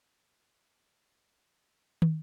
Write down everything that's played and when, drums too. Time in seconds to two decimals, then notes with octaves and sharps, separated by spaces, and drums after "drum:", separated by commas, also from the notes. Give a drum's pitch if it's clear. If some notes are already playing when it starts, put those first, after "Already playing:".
0.22 D#3 G#3 A3 C4 D4 E4
0.53 G4 D5 E5 F#5
1.48 E3 F3 A3
2.02 drum: tom